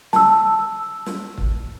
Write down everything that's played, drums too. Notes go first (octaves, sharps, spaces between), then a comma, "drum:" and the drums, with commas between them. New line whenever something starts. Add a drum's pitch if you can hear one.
A5 E6, drum: snare
drum: snare
drum: kick